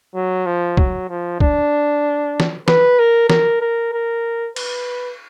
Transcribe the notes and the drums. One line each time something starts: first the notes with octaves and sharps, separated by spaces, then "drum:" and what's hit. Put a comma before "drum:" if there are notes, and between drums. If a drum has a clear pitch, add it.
F#3
F3
F#3, drum: kick
F3
D4, drum: kick
drum: snare
B4, drum: snare
A#4
A#4, drum: snare
A#4
A#4
B4, drum: cymbal